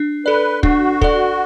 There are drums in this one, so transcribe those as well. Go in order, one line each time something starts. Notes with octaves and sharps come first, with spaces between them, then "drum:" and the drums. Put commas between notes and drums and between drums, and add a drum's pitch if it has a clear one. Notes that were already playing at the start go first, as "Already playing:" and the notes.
Already playing: D4
A4 B4 D5
D4 F#4, drum: kick
A4 D5, drum: kick